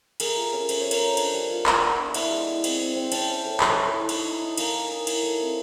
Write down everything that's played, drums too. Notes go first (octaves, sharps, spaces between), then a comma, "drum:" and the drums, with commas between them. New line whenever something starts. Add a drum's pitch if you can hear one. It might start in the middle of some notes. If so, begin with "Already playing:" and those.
A3 G#4 A#4, drum: cymbal
F4
C#4
A3 C5, drum: cymbal
A3 C#5
A#4 C5, drum: cymbal
A3
D4, drum: cymbal
G3
F4
F4, drum: clap
B3
D4
E4 D5 E5, drum: cymbal
G#3
E4
C4, drum: cymbal
C4
C4
C#4 G5 A5, drum: cymbal
C#4
A3
A3, drum: clap
A3
E4
D#4, drum: cymbal
D#4
D#4
A#3 G#5 A#5, drum: cymbal
A#3
D#4
E4, drum: cymbal
A3
C4